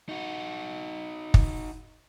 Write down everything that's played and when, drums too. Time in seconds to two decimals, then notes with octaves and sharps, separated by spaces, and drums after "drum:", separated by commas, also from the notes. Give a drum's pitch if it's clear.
0.09 D#4 F#4
1.34 drum: kick